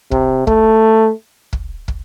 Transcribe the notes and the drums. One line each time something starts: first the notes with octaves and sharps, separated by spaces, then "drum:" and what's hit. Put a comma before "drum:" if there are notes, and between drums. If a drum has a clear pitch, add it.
C3, drum: kick
A3, drum: kick
drum: kick
drum: kick